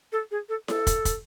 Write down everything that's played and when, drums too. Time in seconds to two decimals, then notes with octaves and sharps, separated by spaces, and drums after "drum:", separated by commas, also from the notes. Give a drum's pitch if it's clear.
0.12 A4
0.31 G#4
0.49 A4
0.68 A4, drum: snare E4
0.87 drum: kick, hi-hat
1.05 drum: kick, hi-hat